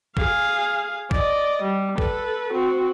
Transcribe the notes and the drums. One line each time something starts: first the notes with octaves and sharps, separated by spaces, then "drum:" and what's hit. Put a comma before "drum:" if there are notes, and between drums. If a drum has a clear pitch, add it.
G#4 F5, drum: kick A#1
D5 D#5, drum: kick A#1
G3
A4 B4, drum: kick A#1
C4 F#4